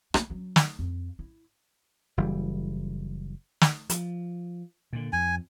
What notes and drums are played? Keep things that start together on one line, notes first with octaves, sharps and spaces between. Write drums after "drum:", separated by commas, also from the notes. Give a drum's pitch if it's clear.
A3 A#3, drum: rim click
F#3 C#4
drum: snare
F2
E4
F#1 E3 G3
drum: snare
F3, drum: hi-hat
A#2 D3
F2 G#5